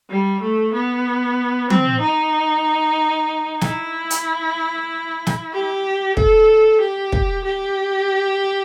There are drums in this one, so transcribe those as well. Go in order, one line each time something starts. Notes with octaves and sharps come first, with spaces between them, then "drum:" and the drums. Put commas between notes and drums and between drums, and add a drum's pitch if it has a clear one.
G3
A3
B3
C4, drum: tom F3
D#4
E4, drum: snare
drum: hi-hat
drum: snare
G4
A4, drum: kick
G4
drum: kick
G4